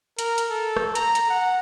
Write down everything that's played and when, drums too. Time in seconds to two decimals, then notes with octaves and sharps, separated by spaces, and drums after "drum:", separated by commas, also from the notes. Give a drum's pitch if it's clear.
0.19 A#4, drum: hi-hat
0.38 drum: hi-hat
0.50 A4
0.77 drum: rim click
0.95 A#5, drum: hi-hat
1.15 drum: hi-hat
1.30 F#5